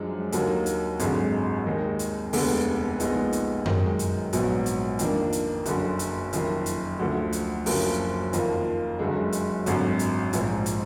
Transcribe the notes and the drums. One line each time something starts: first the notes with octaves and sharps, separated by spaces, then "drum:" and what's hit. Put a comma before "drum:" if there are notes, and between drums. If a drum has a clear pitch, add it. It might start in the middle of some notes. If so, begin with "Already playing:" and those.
Already playing: F#2 F3 G#3 D4
D#2 D3 F#3 A#3 D#4, drum: hi-hat
drum: hi-hat
G#1 F#2 D3 G#3, drum: hi-hat
D#2 D#3 G#3 D#4
drum: hi-hat
F1 D#2 D3 G#3 B3, drum: open hi-hat
A#1 A#2 G#3 B3 D#4, drum: hi-hat
drum: hi-hat
F#2 D#3 G#3 D#4, drum: tom F#2
drum: hi-hat
A#1 G#2 F#3 B3, drum: hi-hat
drum: hi-hat
F2 D#3 A#3 D4, drum: hi-hat
drum: hi-hat
F#1 F#2 D3, drum: hi-hat
drum: hi-hat
F#1 F2 D#3, drum: hi-hat
drum: hi-hat
D2 D3 F3
drum: hi-hat
F#1 F#2 D3 F3 A#3, drum: open hi-hat
F2 D#3 A#3 F4, drum: hi-hat
F#1 F#2 D3 G#3
drum: hi-hat
G#1 F#2 D3, drum: hi-hat
drum: hi-hat
A#1 G#2 F3, drum: hi-hat
drum: hi-hat